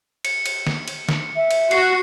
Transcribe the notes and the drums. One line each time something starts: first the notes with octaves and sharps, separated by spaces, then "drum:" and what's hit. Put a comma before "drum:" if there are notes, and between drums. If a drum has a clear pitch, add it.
C#7, drum: cymbal
drum: cymbal
drum: snare
drum: cymbal
drum: snare
E5
drum: cymbal
F#4 C7 C#7, drum: cymbal